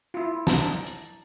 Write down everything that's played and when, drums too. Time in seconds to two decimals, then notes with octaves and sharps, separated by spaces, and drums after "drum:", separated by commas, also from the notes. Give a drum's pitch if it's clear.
0.14 E4 F4
0.47 A5 A#5, drum: snare
0.87 drum: hi-hat